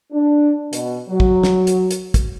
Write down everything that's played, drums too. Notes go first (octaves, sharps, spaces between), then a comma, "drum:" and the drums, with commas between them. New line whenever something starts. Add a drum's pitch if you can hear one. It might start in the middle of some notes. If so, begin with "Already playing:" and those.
D4
B2, drum: hi-hat
F#3
drum: kick
drum: snare
drum: hi-hat
drum: hi-hat
drum: kick, hi-hat